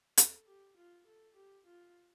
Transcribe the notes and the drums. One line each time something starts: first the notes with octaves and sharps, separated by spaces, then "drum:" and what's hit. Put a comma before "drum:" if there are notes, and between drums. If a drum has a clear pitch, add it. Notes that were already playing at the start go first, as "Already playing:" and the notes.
A4, drum: hi-hat
G4
F4
A4
G4
F4